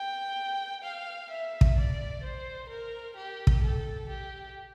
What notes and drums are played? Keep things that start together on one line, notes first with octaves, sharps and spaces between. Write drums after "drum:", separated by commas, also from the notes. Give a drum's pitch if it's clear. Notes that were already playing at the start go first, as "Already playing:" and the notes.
Already playing: G5
F5
E5
drum: kick
D5
C5
A#4
G4
drum: kick
A4
G4